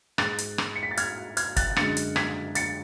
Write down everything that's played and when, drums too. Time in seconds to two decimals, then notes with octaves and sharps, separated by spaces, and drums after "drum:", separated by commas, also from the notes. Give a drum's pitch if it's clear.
0.18 G#2 G#3 F#6 A6, drum: rim click
0.39 drum: hi-hat
0.58 drum: rim click
0.76 C#7
0.83 B6
0.91 A6
0.97 F6 G#6, drum: hi-hat
1.37 F6 G#6, drum: hi-hat
1.56 F#6 A6, drum: kick, hi-hat
1.76 F#2 D3 G#3 A6 C#7, drum: rim click
1.97 drum: hi-hat
2.16 G#6 B6, drum: rim click
2.55 A6 C#7, drum: hi-hat